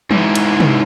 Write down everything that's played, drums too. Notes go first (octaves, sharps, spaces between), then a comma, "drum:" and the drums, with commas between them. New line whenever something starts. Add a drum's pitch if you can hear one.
G#2 E3, drum: tom E3
drum: cymbal
drum: tom C3